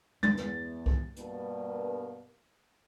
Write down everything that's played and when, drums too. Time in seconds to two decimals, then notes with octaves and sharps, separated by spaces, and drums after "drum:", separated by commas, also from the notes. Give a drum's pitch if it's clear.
0.23 E2 A6, drum: tom G#3
0.37 drum: snare
0.86 drum: kick C2
1.16 G2 B2 A#3, drum: hi-hat